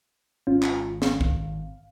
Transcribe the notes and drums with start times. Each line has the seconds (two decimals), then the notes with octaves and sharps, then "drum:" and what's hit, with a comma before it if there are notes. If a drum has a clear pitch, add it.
0.47 G#1 C#4 F4
0.63 drum: clap
1.02 F5, drum: snare
1.21 drum: kick C2